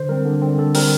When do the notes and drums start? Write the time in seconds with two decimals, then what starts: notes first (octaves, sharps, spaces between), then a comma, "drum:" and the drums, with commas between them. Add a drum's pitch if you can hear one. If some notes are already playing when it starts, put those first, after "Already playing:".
Already playing: D3 C5
0.09 G3 C4 A#4
0.25 D3
0.42 G3 C4
0.58 D3 A4
0.75 G3 C4 A#4, drum: open hi-hat